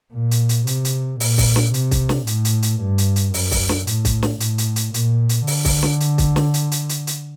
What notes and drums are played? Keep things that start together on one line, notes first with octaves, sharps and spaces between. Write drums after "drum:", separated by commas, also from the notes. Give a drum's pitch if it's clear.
A#2
drum: hi-hat
drum: hi-hat
C3, drum: hi-hat
drum: hi-hat
A#2, drum: open hi-hat
drum: kick, open hi-hat
drum: snare
C3, drum: hi-hat
drum: kick, hi-hat
drum: snare
A2, drum: hi-hat
drum: hi-hat
drum: hi-hat
G2
drum: hi-hat
drum: hi-hat
F#2, drum: open hi-hat
drum: kick, open hi-hat
drum: snare
A2, drum: hi-hat
drum: kick, hi-hat
drum: snare
A2, drum: hi-hat
drum: hi-hat
drum: hi-hat
A#2, drum: hi-hat
drum: hi-hat
D3, drum: open hi-hat
drum: kick, open hi-hat
drum: snare
drum: hi-hat
drum: kick, hi-hat
drum: snare
drum: hi-hat
drum: hi-hat
drum: hi-hat
drum: hi-hat